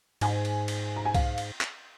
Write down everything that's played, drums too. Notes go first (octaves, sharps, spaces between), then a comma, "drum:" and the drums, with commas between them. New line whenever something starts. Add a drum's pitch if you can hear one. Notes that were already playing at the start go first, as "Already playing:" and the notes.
G#2 G#5, drum: cymbal
drum: cymbal
drum: cymbal
A#5
G#5
F5, drum: kick C2, cymbal
drum: cymbal
drum: clap